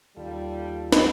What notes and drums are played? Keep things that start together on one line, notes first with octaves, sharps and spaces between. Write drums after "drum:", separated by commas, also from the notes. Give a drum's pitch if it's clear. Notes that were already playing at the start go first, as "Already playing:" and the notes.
D#2 G3 F4 A4
drum: snare